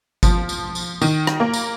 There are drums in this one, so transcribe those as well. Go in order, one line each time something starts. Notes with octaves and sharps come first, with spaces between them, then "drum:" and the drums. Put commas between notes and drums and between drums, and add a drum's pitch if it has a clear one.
F3, drum: kick G1, tambourine
drum: tambourine
drum: tambourine
D#3, drum: tambourine
drum: rim click
A#3
drum: tambourine